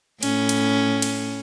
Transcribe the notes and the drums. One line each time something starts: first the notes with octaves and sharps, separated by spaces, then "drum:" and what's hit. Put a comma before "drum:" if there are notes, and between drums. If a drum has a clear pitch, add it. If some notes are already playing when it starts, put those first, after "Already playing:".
A2 C#4, drum: cymbal
drum: cymbal
drum: cymbal